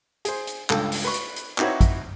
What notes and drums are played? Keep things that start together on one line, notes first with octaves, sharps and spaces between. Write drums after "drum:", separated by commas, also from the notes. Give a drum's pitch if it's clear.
G#4 C5, drum: hi-hat
drum: hi-hat
C#2 G2 A4, drum: clap
drum: open hi-hat
B4 B5 C#6
drum: hi-hat
drum: hi-hat
C4 D#4 E4 F#4 B4 C#5, drum: clap
drum: kick, hi-hat